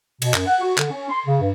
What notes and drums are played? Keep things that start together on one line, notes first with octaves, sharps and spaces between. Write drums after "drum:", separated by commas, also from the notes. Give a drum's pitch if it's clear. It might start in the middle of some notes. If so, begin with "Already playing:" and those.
B2, drum: cymbal
F#2, drum: clap
F#5
F#4
D3, drum: clap
C#4
C6
C#3
G2